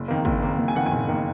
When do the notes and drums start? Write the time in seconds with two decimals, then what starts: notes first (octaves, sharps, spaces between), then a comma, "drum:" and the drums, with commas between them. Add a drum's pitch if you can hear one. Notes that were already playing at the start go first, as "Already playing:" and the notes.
Already playing: F#1
0.08 F2 D#3 A#3
0.25 F#1, drum: kick
0.43 F2 D#3 A#3
0.58 F#1
0.68 G#5
0.75 F2 D#3 A#3 F#5
0.86 G#5
0.92 F#1, drum: tom A2
1.08 D#3 A#3